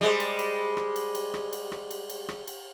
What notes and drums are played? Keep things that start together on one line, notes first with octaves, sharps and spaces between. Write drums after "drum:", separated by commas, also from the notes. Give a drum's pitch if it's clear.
G3 G#3 C5
drum: cymbal
drum: cymbal
drum: rim click
drum: cymbal
drum: cymbal
drum: rim click
drum: cymbal
drum: rim click
drum: cymbal
drum: cymbal
drum: rim click
drum: cymbal